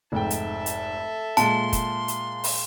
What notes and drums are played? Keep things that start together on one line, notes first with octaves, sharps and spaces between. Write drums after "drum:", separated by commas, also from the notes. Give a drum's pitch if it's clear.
F1 G#2 A4 E5 G5
drum: hi-hat
drum: hi-hat
A#2 G#3 A5 C6 D7, drum: hi-hat
drum: kick, hi-hat
drum: hi-hat
drum: open hi-hat